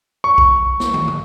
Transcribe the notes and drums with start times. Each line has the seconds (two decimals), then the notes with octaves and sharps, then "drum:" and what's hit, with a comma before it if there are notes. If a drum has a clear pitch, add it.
0.24 C#6
0.38 drum: kick B1
0.80 drum: snare
0.94 drum: tom
1.08 drum: tom